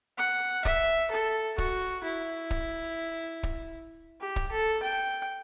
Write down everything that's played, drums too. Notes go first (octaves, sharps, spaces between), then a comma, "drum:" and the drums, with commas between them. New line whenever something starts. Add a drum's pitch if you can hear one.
F#5
E5, drum: kick
A4
F#4, drum: kick
E4
drum: kick
drum: kick
G4
drum: kick
A4
G5